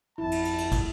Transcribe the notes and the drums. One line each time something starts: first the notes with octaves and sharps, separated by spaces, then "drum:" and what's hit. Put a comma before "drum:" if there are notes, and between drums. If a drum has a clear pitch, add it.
G#1 F2 E4 A5
drum: cymbal
drum: cymbal
drum: cymbal
drum: kick, cymbal